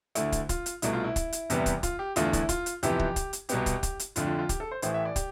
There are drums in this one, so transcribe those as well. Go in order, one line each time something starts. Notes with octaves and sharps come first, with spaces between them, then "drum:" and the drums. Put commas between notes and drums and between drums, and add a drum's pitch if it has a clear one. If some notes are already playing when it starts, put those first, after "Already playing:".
D2 D3 A3 E4, drum: hi-hat
drum: kick, hi-hat
F4, drum: kick, hi-hat
drum: hi-hat
C2 B2 A3 E4, drum: hi-hat
F4
E4
drum: kick, hi-hat
drum: hi-hat
E2 C3 G3 B3, drum: hi-hat
drum: kick, hi-hat
F4, drum: kick, hi-hat
G4
E2 D3 A3 F4, drum: hi-hat
E4, drum: kick, hi-hat
F4, drum: kick, hi-hat
drum: hi-hat
F2 C3 E3 B3 G4, drum: hi-hat
drum: kick
drum: kick, hi-hat
drum: hi-hat
C2 B2 B3 G4, drum: hi-hat
drum: kick, hi-hat
drum: kick, hi-hat
drum: hi-hat
F2 D3 A3 F4, drum: hi-hat
F4
F4
G4, drum: kick, hi-hat
A4
C5
A1 A2 E3 A3 C5, drum: hi-hat
E5
D5
G4, drum: kick, hi-hat